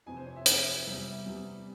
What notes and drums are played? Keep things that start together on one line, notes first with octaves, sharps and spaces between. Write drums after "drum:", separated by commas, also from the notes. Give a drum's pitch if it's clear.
F2 C3 E3 G#5
C5
C#5
E5
F2 C3 E3, drum: hi-hat
E2 C3 G3 E5
E2 C3 G3